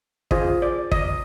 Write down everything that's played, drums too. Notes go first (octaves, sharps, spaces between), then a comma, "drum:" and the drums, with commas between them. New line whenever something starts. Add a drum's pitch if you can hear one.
F4 G#4 C5 D#5, drum: kick
D5
D#5, drum: kick